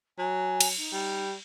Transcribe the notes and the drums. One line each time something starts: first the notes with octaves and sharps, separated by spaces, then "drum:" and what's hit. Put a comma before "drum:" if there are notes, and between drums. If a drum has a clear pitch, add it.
F#3 G#5
drum: cymbal
D#4
G3